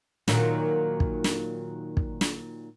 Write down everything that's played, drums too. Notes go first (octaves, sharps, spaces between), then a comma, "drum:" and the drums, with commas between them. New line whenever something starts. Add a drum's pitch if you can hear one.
A#2 D#3 F#3, drum: snare
drum: kick
drum: snare
drum: kick
drum: snare